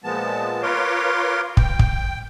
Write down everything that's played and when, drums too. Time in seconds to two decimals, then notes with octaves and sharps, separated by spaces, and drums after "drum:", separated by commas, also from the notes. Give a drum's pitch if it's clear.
0.04 A#2 F3 G#3 B3 A5
0.62 F4 A#4 B4 C#5 C6 D6
1.57 G5, drum: kick
1.79 drum: kick